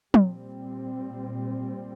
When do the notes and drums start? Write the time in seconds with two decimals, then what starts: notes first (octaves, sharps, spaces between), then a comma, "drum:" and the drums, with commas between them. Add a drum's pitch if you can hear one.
0.14 A#2 G3 C4, drum: tom